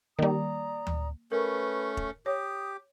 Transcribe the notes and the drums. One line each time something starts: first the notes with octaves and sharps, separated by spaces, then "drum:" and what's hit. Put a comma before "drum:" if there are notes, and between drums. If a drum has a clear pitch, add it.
D#3 G3 A#3 D5 A#5 D#6
drum: tom D2
A3 C#4 A#4 B4
drum: kick
G4 C#5 D#6